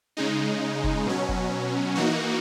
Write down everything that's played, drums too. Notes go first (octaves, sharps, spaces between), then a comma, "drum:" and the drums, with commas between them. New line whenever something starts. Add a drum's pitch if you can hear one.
C#3 G#3 D#4
drum: kick F1
B2 F#3 C#4
drum: kick F1
E3 A#3 D#4 F#4